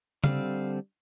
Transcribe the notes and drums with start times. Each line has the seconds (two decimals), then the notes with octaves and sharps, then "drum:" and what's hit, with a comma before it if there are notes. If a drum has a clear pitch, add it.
0.24 D3 G3 C4 F5, drum: tom C#3